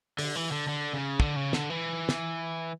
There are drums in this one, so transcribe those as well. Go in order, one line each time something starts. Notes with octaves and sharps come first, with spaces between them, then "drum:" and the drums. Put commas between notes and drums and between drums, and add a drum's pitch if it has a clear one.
D3, drum: open hi-hat
E3
D3
D3
C#3
D3, drum: kick
C#3
D3, drum: snare
E3
drum: snare